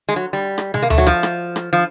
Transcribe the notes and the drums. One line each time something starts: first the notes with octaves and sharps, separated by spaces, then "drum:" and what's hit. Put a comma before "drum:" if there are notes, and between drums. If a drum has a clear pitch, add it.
G#3
F#3
G3
drum: rim click
G#3, drum: tom
A#3
A3, drum: tom D2
F#3
F3, drum: rim click
drum: rim click
drum: rim click
F3